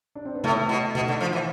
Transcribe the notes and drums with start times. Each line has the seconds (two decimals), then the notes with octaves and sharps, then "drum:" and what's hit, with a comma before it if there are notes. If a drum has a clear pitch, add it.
0.15 D4
0.25 C4
0.35 B3
0.44 A2 A3, drum: tom C3
0.69 B2
0.95 B2, drum: tom B2
1.08 D3
1.20 F3
1.33 E3